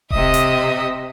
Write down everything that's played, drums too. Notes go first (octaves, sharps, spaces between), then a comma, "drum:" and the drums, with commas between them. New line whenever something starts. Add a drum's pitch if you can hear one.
C3 D#5 E5 D#6, drum: kick D#1
drum: hi-hat